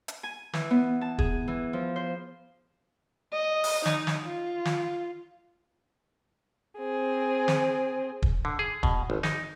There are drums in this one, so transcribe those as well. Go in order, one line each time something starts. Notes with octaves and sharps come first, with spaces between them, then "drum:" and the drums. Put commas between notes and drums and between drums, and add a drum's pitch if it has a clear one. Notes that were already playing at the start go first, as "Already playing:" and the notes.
drum: hi-hat
G#5
E3, drum: snare
B3
A5
G#4, drum: kick
E3
F3
C5
D#5
drum: open hi-hat
D#4, drum: snare
drum: snare
F4
drum: snare
C4 G#4
drum: snare
drum: kick
D3
G#4
B2, drum: kick
G#1
D#4, drum: snare